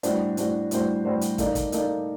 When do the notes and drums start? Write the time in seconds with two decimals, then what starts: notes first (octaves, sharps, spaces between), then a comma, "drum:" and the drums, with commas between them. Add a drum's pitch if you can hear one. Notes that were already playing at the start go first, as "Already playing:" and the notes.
0.03 A2 G3 D4 F#4 C5, drum: hi-hat
0.37 A2 G3 D4 F#4 C5, drum: hi-hat
0.71 A2 G3 D4 F#4 C5, drum: hi-hat
1.05 A2 G3 D4 F#4 C5
1.21 drum: hi-hat
1.38 A#3 D#4 A4 D5, drum: kick, hi-hat
1.55 drum: kick, hi-hat
1.72 A#3 D#4 A4 D5, drum: hi-hat